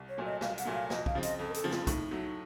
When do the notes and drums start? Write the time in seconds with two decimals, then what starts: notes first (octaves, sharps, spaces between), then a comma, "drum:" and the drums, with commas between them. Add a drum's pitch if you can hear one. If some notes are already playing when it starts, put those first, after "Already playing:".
Already playing: C2
0.09 C#5
0.18 A#2 F#3 A3
0.25 D#5
0.41 C2 F5, drum: snare
0.58 F#5, drum: hi-hat
0.65 A#2 F#3 A3
0.74 F5
0.90 F2 D#5, drum: snare
1.06 F5, drum: kick
1.15 C#3 F3 C4
1.23 D#5, drum: hi-hat
1.39 F2 A4
1.50 A#4
1.54 A4, drum: hi-hat
1.64 C#3 F3 C4
1.71 F4, drum: snare
1.87 A2 D#4, drum: kick, hi-hat
2.11 F#3 A3